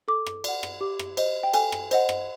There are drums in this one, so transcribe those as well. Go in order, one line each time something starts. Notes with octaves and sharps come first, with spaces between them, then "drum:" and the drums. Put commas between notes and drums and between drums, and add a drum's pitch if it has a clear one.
A4 D6
drum: rim click
D5 F#5, drum: cymbal
drum: rim click
G4 D6
drum: rim click
C5 D#5, drum: cymbal
G5
A4 G#5, drum: cymbal
drum: rim click
C5 D#5 F#5, drum: cymbal
drum: rim click